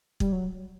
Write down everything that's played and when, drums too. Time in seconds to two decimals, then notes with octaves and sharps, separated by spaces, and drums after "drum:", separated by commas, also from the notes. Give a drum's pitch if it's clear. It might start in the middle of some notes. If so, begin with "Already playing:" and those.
0.20 G3, drum: kick
0.32 F#3